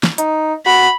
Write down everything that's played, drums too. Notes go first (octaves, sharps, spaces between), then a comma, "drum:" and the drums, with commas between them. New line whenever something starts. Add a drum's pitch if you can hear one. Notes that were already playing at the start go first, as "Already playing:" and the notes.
drum: snare
D#4, drum: hi-hat
F#4 B5